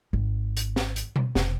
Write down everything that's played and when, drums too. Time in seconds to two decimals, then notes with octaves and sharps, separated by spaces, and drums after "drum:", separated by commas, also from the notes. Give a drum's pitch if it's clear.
0.13 G#1
0.57 drum: hi-hat
0.76 drum: snare
0.96 drum: hi-hat
1.16 drum: tom B2
1.35 F1, drum: snare